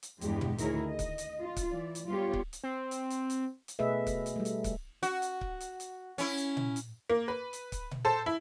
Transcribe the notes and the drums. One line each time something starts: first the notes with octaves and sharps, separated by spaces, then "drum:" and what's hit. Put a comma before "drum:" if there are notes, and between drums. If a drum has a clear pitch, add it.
drum: hi-hat
E2 G2 G#3 B3 G4, drum: hi-hat
drum: tom A#2
D2 D#3 E4 G#4 A#4 C#5, drum: hi-hat
D#5
drum: kick C#1, hi-hat
drum: hi-hat
F4
drum: kick C#1, hi-hat
E3 D5
drum: hi-hat
G3 B3 F4 G4 C#5
drum: kick C#1
drum: hi-hat
C4
drum: hi-hat
drum: hi-hat
drum: hi-hat
drum: hi-hat
B2 A3 G#4 B4 D#5 E5
drum: kick C#1, hi-hat
drum: hi-hat
G3 A3
drum: hi-hat
drum: kick C#1, hi-hat
F#4, drum: hi-hat
drum: hi-hat
drum: kick C#1
drum: hi-hat
drum: hi-hat
C#4 E4, drum: hi-hat
drum: hi-hat
drum: tom A#2
drum: hi-hat
A#3
B4
drum: hi-hat
drum: kick C#1, hi-hat
drum: tom A#2
A4 C5 A5
E4